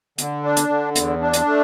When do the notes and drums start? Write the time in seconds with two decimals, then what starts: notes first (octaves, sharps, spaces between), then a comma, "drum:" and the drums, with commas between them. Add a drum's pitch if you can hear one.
0.18 D3, drum: hi-hat
0.43 D4
0.57 drum: hi-hat
0.69 D3
0.95 E2, drum: hi-hat
1.21 D4
1.33 drum: hi-hat
1.46 A3